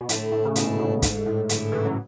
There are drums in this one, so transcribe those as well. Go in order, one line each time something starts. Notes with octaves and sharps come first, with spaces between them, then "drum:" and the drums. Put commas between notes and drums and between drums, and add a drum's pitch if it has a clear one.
B2
A2 D3 A3 E4, drum: hi-hat
A2
C#3
G#2 B2 D3 A3 E4, drum: hi-hat
G#2 B2
G#2 D3 A3 E4, drum: kick, hi-hat
A2
D3 A3 E4, drum: hi-hat
C#3 E3
F#3